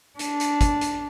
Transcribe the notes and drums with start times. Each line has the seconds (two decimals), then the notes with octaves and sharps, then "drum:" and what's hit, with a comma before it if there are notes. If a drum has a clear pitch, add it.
0.19 D4, drum: hi-hat
0.40 drum: hi-hat
0.61 drum: kick, hi-hat
0.81 drum: hi-hat